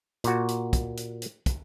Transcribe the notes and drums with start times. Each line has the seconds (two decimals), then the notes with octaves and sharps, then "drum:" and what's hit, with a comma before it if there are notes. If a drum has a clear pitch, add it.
0.24 A#2 F#4, drum: hi-hat
0.49 drum: hi-hat
0.73 drum: kick, hi-hat
0.97 drum: hi-hat
1.22 drum: hi-hat
1.46 drum: kick, hi-hat